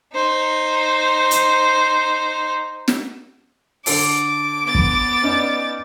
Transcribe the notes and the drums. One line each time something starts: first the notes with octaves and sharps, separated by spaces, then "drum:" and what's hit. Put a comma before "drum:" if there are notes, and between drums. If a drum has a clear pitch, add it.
D#4 C5
drum: hi-hat
drum: snare
D3 A4 D6 D7, drum: open hi-hat
B3 A6
drum: kick
C#4 D#4 D5